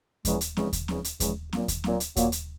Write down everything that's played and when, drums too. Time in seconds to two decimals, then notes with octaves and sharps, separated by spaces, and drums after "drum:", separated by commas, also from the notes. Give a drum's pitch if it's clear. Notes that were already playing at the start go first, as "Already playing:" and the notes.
0.25 E2 C#3 F3 G#3, drum: kick D#2, hi-hat
0.41 drum: hi-hat
0.57 E2 C#3 F3 G#3, drum: snare
0.73 drum: kick D#2, hi-hat
0.88 E2 C#3 F3 G#3, drum: snare
1.04 drum: hi-hat
1.20 E2 C#3 F3 G#3, drum: kick D#2, hi-hat
1.53 A#2 F#3 A#3, drum: snare
1.68 drum: kick D#2, hi-hat
1.84 A#2 F#3 A#3, drum: snare
2.00 drum: hi-hat
2.16 A#2 F#3 A#3, drum: kick D#2, hi-hat
2.32 drum: hi-hat